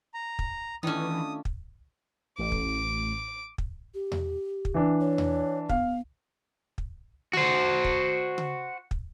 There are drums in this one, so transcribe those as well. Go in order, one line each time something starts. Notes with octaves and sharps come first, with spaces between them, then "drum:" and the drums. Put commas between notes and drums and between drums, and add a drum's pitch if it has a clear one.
A#5
drum: kick
D#3 E3 A3 C#4 D4 F4 D#6
drum: kick
A1 D6
drum: kick
drum: kick
G4
drum: tom E2
drum: kick
E3 D4
C#5
drum: tom E2
B3 F5, drum: kick
drum: kick
F#4 C5, drum: tom C#3
drum: kick
drum: tom C#3
drum: kick